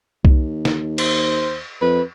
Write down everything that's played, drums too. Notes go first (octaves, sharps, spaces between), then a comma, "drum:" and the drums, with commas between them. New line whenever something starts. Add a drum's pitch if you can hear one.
D#2, drum: kick C2
drum: snare
C5, drum: cymbal
F2 B4